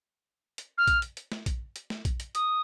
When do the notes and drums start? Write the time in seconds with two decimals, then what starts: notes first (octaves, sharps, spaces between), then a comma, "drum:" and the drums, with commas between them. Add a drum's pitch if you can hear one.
0.58 drum: hi-hat
0.78 F6
0.88 drum: kick A#1, hi-hat
1.02 drum: hi-hat
1.17 drum: hi-hat
1.32 drum: snare
1.46 drum: kick A#1, hi-hat
1.76 drum: hi-hat
1.90 drum: snare
2.05 drum: kick A#1, hi-hat
2.20 drum: hi-hat
2.35 D#6, drum: hi-hat